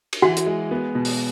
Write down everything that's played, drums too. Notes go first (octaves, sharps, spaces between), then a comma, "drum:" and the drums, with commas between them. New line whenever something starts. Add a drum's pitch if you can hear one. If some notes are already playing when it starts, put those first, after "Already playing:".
drum: cymbal
E3 F#4 F#5
drum: hi-hat
G#3
B3
B2
drum: open hi-hat